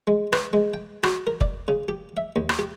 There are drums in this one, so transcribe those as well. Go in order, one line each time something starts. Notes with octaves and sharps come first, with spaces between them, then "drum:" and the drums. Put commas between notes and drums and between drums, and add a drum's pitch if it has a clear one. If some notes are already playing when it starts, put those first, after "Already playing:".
G#3
B4, drum: rim click
G#3
G5
F#4, drum: rim click
A#4
D5, drum: kick F#1
C#3
G4
E5
D#2
drum: rim click
G4